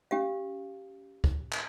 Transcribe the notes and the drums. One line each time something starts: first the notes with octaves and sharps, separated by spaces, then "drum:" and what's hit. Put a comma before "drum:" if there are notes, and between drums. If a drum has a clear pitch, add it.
C#4 G4 F5
drum: kick
drum: clap